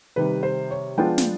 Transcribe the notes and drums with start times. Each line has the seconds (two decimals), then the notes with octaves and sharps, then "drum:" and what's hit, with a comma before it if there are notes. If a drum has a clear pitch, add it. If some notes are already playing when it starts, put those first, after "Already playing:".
0.16 C3 D#3 G3 B4
0.43 C5
0.71 C#5
0.97 F3 G#3 B3 D4 F4 G5
1.18 drum: snare